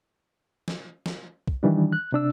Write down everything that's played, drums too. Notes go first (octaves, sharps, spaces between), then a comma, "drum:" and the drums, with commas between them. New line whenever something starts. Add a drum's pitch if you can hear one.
drum: snare
drum: snare
drum: kick
D#3 E3 G3 D4
F#6
C3 D4 E6